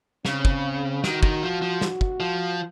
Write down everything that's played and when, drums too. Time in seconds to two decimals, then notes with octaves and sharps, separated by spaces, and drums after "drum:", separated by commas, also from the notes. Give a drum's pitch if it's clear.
0.25 C#3 C4, drum: snare
0.45 drum: kick
1.04 D#3 F#4, drum: snare
1.23 D#3, drum: kick
1.43 F3
1.62 F3
1.81 F#4, drum: snare
2.01 drum: kick
2.20 F3